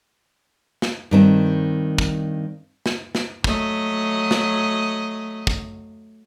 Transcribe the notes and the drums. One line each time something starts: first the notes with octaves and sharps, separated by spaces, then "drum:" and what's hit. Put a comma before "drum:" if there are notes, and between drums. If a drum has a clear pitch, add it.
drum: snare
G2 D#3 C4
drum: kick
drum: snare
drum: snare
F#3 A3 D#5, drum: kick
drum: snare
drum: kick